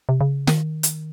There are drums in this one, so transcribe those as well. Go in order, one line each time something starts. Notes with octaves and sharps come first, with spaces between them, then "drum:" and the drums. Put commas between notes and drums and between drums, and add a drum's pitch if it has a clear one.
C3
C#3
D#3, drum: snare
drum: hi-hat